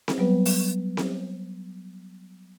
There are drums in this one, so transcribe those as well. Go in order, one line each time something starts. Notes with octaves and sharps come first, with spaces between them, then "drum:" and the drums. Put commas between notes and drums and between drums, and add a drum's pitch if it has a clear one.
drum: snare C4
F#3 G3 B3 B4
drum: open hi-hat
drum: snare C4